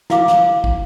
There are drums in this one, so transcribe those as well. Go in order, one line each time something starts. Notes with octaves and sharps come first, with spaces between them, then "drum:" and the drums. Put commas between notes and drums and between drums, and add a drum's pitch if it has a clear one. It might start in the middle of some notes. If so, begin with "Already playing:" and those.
E4 F5 D6, drum: snare
drum: snare
drum: kick